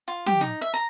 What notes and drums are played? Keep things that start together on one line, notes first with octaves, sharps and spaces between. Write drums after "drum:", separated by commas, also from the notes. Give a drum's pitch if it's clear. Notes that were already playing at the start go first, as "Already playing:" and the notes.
F4
G4, drum: tom
D#4, drum: hi-hat
E5
A#5, drum: hi-hat